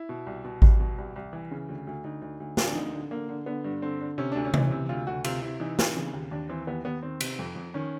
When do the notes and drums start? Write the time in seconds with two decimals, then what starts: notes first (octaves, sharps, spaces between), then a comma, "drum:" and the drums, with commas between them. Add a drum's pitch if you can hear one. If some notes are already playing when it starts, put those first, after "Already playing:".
Already playing: E4
0.09 B2
0.27 C2
0.44 B2
0.62 C2, drum: kick G#1
0.80 B2
0.98 C2
1.16 C2
1.33 E3
1.51 C#3
1.69 D2
1.87 D2
2.04 D2 D#4
2.22 D2
2.40 D2
2.57 D2, drum: snare
2.67 D4
2.75 D3 D#4
2.93 D3
3.11 D3 A#3
3.29 D3
3.46 D3 B3
3.64 G2
3.82 D3 C4
4.01 D3
4.18 C3 C#4
4.32 D2 D4
4.45 C#4
4.54 E3, drum: tom C3
4.71 C3
4.89 D2 F4
5.07 D2 F#4
5.24 C3 F4, drum: cymbal
5.42 C3 E4
5.60 E3 D#4
5.79 E3, drum: snare
5.96 C#3
6.13 D#2
6.31 D#2 D4
6.49 E3 C4
6.67 D#2 B3
6.85 D#2 B3
7.02 D#3 C4
7.21 C3, drum: cymbal
7.39 F2
7.56 F2
7.74 D#3 C#4